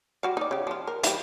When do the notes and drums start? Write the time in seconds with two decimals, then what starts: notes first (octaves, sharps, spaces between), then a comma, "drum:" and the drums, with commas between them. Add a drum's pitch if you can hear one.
0.23 G3 F#4 F5
0.37 D#4 D5
0.51 C#3 G4
0.67 F3 F4
0.87 A#4
1.03 E3 G3, drum: hi-hat